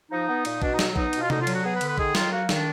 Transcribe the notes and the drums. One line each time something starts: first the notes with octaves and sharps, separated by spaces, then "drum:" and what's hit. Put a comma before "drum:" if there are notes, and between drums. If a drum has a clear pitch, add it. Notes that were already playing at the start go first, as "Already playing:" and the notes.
F3 D#4
B3
A#2, drum: cymbal
B2 D4, drum: kick A#1
D#4
F#3, drum: snare
B3 D#4, drum: kick A#1
B2, drum: cymbal
F4
D3 D#4, drum: tom C3
F4
F#3, drum: cymbal
F#4
B3 G#4
B4
D3, drum: cymbal
B4
D#3 G#4, drum: kick A#1
F#3 F4, drum: snare
A#3 F#4
D#3, drum: snare
D4